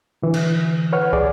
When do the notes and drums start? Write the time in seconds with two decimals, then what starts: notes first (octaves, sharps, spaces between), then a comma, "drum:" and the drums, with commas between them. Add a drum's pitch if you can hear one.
0.22 D3 E3
0.34 drum: cymbal
0.93 B4 C#5 F#5 F6
1.13 G#4 D5, drum: kick